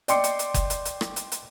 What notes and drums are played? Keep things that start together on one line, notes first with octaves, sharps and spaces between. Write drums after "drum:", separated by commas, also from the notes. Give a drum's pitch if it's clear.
D5 D#5 G5 C6 D6 C#7, drum: hi-hat
drum: hi-hat
drum: hi-hat
drum: kick F#1, hi-hat
drum: hi-hat
drum: hi-hat
drum: rim click
drum: hi-hat
drum: hi-hat